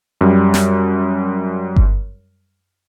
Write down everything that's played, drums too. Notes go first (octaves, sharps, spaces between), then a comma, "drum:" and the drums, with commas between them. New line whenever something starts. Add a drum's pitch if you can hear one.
F#2 G3
drum: snare
drum: kick G1